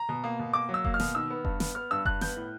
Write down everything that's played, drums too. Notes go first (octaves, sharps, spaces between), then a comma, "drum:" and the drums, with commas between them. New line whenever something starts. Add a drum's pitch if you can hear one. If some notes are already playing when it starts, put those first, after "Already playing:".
Already playing: A#5
B2
A#3
B2
A#3 D6
F#3
E6
A#3, drum: kick F1
F6
B2, drum: snare
D#3 E6
B3
G2, drum: kick F1
B3, drum: snare
B3 F6
G2 E6
G2 F#6, drum: kick F1
B3 G6, drum: snare
A2